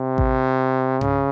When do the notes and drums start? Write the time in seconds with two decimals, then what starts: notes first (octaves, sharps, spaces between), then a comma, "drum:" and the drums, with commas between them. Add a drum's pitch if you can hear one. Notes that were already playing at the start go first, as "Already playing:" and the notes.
Already playing: C3
0.18 drum: kick A1
1.01 C#3, drum: tom G2